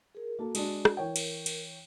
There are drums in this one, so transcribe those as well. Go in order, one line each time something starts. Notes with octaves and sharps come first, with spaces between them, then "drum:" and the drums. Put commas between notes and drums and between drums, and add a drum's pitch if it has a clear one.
G#4 A#4
A#3 F#4 A4 A5
G#3 D4, drum: cymbal
drum: rim click
E3 A#4 C#5 G5
drum: cymbal
drum: cymbal